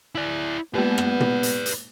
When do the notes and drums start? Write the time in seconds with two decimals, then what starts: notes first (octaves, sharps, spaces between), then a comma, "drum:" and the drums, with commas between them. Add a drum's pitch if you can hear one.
0.15 E4 D5
0.75 G#3 A#3 B3 B4 D5
0.98 drum: rim click
1.20 drum: tom
1.43 drum: hi-hat
1.66 drum: hi-hat